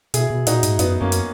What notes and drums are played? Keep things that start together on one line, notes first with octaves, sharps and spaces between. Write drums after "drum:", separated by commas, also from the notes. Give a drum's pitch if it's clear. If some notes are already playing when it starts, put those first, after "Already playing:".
B2 E4 G#4, drum: hi-hat
B2
A#2 D#4 F#4, drum: hi-hat
G#2, drum: hi-hat
F#2 B3 D#4, drum: hi-hat
F#2 A#3 C#4
drum: hi-hat